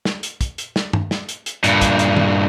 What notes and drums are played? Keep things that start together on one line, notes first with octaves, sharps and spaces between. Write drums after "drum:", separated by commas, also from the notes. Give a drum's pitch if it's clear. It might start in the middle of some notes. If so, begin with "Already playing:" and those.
drum: snare
drum: hi-hat
drum: kick, hi-hat
drum: hi-hat
drum: snare
drum: tom G2
drum: snare
drum: hi-hat
drum: hi-hat
G2 A#2, drum: hi-hat
drum: kick, hi-hat
drum: hi-hat
drum: tom